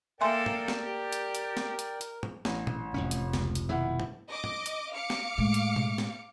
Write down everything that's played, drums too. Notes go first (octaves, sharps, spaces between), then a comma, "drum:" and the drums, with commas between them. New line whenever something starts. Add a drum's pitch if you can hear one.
A#3 A4 A#4 D5 E5 G5 G#5 C6
drum: tom G#2
drum: snare
G4
drum: hi-hat
drum: hi-hat
drum: snare
drum: hi-hat
drum: hi-hat
drum: tom G#2
A1, drum: snare
drum: tom
F1 F2 A2 C#4
drum: hi-hat
C#2, drum: snare
drum: hi-hat
B2 D#3 F3 E4 F#5
drum: tom G#2
D#5 D6
drum: tom G#2
drum: hi-hat
F5 D6 C#7
drum: snare
A2 G#3
drum: hi-hat
drum: tom B2
drum: snare